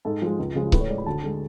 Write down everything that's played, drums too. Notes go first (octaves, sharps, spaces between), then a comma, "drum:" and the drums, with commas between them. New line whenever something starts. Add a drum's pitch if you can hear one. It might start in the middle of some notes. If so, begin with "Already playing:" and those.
G#2 A4
F3 G#3
C#2
C#3 F3 G#3
A2 B4, drum: kick C#1
C#5
G#3 D5
B5
D2 A5
D3 G#3